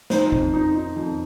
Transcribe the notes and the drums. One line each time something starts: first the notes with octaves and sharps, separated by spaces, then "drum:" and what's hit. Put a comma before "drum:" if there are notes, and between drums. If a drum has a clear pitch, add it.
D#4 C5, drum: snare
F2, drum: kick
D#4
D#4
F2